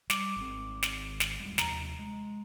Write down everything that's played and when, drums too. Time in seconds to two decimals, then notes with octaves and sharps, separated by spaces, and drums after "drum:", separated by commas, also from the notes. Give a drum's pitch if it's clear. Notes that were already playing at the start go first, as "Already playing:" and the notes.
0.10 G3 D6, drum: snare
0.36 G#1 C4
0.83 drum: snare
1.20 drum: snare
1.40 D#1 G3 G#3
1.58 D#2 C3 F3 A#5, drum: snare
1.99 G#3